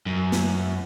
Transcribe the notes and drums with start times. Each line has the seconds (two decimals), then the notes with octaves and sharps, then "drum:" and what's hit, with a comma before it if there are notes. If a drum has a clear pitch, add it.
0.06 F#2
0.32 drum: snare